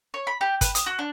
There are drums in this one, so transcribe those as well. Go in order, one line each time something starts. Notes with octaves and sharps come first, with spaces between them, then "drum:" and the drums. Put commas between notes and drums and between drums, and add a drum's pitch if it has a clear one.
C#5
B5
G4
B4, drum: kick, hi-hat
D#6, drum: hi-hat
F#4
D4